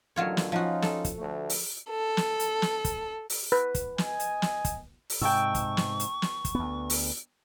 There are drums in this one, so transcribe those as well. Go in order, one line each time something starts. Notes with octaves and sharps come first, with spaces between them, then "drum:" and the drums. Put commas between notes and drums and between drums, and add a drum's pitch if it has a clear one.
A1 D#2 D3 F#3 F4 C#5
drum: snare
F3 C#4 D#4 F4 F#4
A4, drum: snare
drum: kick, hi-hat
D2 A3
drum: open hi-hat
A4
drum: snare
drum: hi-hat
drum: snare
drum: kick, hi-hat
drum: open hi-hat
B4
drum: kick, hi-hat
D#5 G#5, drum: snare
drum: hi-hat
drum: snare
drum: kick, hi-hat
drum: open hi-hat
G#2 C3 G5 A5 C#6 E6
drum: kick, hi-hat
drum: snare
drum: hi-hat
drum: snare
drum: kick, hi-hat
D2 B3
drum: open hi-hat